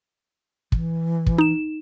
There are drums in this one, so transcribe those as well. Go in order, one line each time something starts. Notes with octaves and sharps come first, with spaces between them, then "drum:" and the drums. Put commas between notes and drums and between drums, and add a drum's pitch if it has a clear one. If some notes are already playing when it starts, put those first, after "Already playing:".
E3, drum: kick
drum: kick
D#4 E7